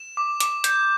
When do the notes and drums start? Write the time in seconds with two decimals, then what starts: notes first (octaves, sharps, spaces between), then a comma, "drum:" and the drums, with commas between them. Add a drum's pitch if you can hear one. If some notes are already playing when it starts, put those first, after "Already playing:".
Already playing: E7
0.17 D6
0.40 D6, drum: hi-hat
0.64 G6, drum: hi-hat